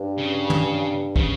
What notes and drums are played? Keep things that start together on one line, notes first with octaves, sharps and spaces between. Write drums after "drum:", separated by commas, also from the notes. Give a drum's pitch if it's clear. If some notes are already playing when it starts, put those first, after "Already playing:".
Already playing: G2
C#3
drum: tom
C#3, drum: kick